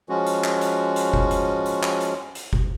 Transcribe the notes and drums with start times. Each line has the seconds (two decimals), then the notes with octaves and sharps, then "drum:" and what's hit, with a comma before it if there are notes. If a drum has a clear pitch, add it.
0.09 F3 G#3 C#4 F#4
0.27 drum: hi-hat
0.44 drum: clap
0.61 drum: hi-hat
0.96 drum: hi-hat
1.14 drum: kick F#1
1.31 drum: hi-hat
1.66 drum: hi-hat
1.83 drum: clap
2.00 drum: hi-hat
2.35 drum: hi-hat
2.53 drum: kick F#1